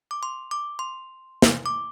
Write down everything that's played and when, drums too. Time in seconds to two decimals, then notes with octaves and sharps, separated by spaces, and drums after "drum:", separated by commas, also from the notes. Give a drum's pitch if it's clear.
0.11 D6
0.23 C6
0.51 D6
0.79 C6
1.42 drum: snare
1.66 D6